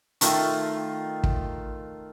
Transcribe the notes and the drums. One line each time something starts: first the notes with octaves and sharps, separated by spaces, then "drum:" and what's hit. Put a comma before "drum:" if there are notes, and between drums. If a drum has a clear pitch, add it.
D#3 A3 F4, drum: hi-hat
drum: kick